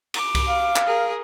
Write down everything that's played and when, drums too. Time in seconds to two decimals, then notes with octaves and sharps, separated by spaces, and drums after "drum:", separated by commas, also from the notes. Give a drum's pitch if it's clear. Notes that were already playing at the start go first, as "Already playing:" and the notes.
0.14 D6, drum: cymbal
0.35 drum: kick C2, cymbal
0.48 F5
0.76 drum: clap
0.86 G#4 A#4